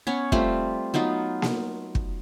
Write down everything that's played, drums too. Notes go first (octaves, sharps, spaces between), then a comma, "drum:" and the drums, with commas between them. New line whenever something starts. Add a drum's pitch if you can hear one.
B3 C#4 C#5
G3 A3 C4 F4, drum: kick
F#3 B3 D#4 F4
drum: snare A#3
drum: kick